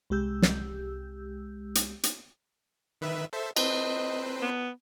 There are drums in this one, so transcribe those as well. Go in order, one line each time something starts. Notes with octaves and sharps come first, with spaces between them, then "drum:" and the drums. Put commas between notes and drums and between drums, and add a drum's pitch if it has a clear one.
C2 G#3 G4 E6 G6
drum: snare
drum: hi-hat
drum: hi-hat
D#3 B4 E5
A4 C5 E5
C4 B4 C5 D#5, drum: cymbal
B3